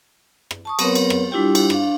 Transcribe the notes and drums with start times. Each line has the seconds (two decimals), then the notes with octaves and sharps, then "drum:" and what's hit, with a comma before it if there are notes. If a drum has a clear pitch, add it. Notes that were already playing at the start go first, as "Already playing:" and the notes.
0.51 drum: rim click
0.65 A5 C#6 D#6
0.79 F#3 B3 C4 A#4 B4 C#5, drum: cymbal
0.95 drum: cymbal
1.10 drum: rim click
1.31 G3 D4 E4 F4 G4 G5
1.55 drum: cymbal
1.70 D4 F5, drum: rim click